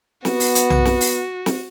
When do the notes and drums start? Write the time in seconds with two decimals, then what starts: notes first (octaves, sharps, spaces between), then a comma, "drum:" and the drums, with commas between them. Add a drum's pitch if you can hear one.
0.25 B3 F#4, drum: snare
0.40 drum: open hi-hat
0.55 drum: hi-hat
0.70 drum: tom B1
0.85 drum: snare
1.01 drum: open hi-hat
1.46 drum: snare